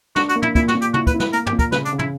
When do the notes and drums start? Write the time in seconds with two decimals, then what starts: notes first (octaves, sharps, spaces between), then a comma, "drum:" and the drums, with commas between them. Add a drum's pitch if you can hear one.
0.16 D4 F#4, drum: snare
0.29 F#4, drum: hi-hat
0.36 A#3
0.42 E4, drum: tom
0.55 A#2 E4, drum: kick, hi-hat
0.68 F#4, drum: snare
0.75 A#2
0.81 G4, drum: hi-hat
0.94 E4 F#4, drum: tom
1.07 B4, drum: kick, hi-hat
1.14 E4
1.20 B4, drum: snare
1.33 A#3 A#4, drum: hi-hat
1.46 G4, drum: tom
1.53 A#2
1.59 A#4, drum: kick, hi-hat
1.72 C#3 B4, drum: snare
1.85 D4, drum: hi-hat
1.93 C#3
1.99 E4, drum: tom